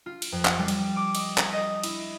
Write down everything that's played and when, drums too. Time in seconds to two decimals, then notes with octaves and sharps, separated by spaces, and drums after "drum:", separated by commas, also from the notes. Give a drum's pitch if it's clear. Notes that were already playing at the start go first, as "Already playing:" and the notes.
0.06 F4
0.22 drum: cymbal
0.32 F2
0.45 drum: clap
0.59 G3
0.68 drum: cymbal
0.96 D6
1.15 D#5, drum: cymbal
1.38 drum: clap
1.53 D#5
1.84 E4, drum: cymbal